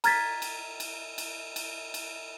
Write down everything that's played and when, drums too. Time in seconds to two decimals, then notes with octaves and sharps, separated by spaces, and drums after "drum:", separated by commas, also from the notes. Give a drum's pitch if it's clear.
0.04 A#5 F6 G#6 A6 B6, drum: cymbal
0.42 drum: cymbal
0.80 drum: cymbal
1.18 drum: cymbal
1.56 drum: cymbal
1.94 drum: cymbal